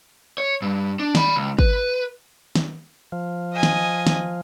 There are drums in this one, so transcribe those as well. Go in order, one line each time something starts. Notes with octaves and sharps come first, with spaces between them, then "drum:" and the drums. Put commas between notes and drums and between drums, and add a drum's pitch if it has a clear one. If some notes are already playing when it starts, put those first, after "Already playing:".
C#5
G2
D4
D5 B5, drum: snare
C#2
B4, drum: kick
drum: snare
F3
D#5 G#5
drum: snare
drum: snare